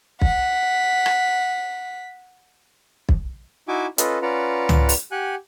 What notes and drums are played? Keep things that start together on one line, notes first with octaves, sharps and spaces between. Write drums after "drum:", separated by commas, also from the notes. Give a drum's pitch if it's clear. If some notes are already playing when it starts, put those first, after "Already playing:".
F#5 B6, drum: kick
drum: rim click
drum: kick
D#4 E4 F#4 E5 G#5 D6
C#4 F4 A4 B4 D#5, drum: hi-hat
C#4 F4 B4 D5 F#5 A#5
drum: tom
drum: open hi-hat
G4 F#5 G#5 F#6